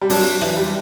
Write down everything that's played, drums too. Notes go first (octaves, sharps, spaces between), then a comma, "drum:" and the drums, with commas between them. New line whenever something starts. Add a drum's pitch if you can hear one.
G3
F#3 D4, drum: open hi-hat
E3, drum: rim click
G3